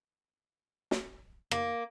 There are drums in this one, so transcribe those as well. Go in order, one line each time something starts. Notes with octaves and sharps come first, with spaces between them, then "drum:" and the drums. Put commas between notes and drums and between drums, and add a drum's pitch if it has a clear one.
drum: snare
A#3, drum: rim click